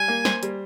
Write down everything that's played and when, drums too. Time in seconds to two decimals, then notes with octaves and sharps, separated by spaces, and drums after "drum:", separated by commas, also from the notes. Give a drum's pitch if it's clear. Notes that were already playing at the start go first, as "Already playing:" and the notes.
Already playing: G3 G#5
0.08 A#3
0.25 C5, drum: snare
0.43 G3, drum: hi-hat